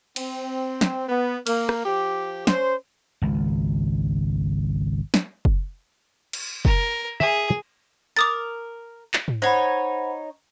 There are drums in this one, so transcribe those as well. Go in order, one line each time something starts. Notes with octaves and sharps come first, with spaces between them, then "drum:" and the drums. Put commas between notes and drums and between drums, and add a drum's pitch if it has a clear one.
C4, drum: cymbal
drum: snare
B3
A#3, drum: cymbal
drum: rim click
F3 G4
C#4 C5, drum: snare
G#1 C#2
drum: snare
drum: kick F#1
drum: cymbal
A#4, drum: kick F#1
G#4 E5
A#4 D6 D#6 A6
drum: clap
drum: tom G#2
D#4 C5 C#5 F#5 B5